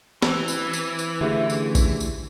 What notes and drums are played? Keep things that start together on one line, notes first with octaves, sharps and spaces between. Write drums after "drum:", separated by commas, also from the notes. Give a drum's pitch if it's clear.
E3 C4 B5 E6, drum: snare
drum: tambourine
drum: tambourine
drum: tambourine
D3 A3 C#4 E4 G4 G#4
drum: tambourine
drum: kick A#1, tambourine
drum: tambourine